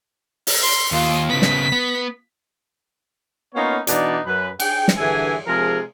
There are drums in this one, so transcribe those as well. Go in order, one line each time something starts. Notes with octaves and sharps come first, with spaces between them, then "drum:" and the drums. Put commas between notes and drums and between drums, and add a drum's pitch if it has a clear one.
drum: open hi-hat
C6
D#2 F4
C#3 B3 B6
drum: snare
B3
A#3 B3 C#4 D#4 F4 C#5
B2 E3 D4 D#4 D5, drum: hi-hat
F#2 B4
G#4 G5, drum: cymbal
drum: snare
G2 D3 E3 G#4 E5 G#5
C3 F3 G#3 G#4 A#4